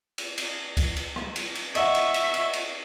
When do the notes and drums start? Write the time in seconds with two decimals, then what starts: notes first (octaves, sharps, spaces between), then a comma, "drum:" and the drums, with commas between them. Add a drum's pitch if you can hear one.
0.18 drum: cymbal
0.38 drum: cymbal
0.77 drum: kick C#2, cymbal
0.96 drum: cymbal
1.16 drum: rim click
1.36 drum: cymbal
1.55 drum: cymbal
1.75 D#5 E5 F#5 C#6, drum: cymbal
1.95 drum: cymbal
2.14 drum: cymbal
2.34 drum: cymbal
2.53 drum: cymbal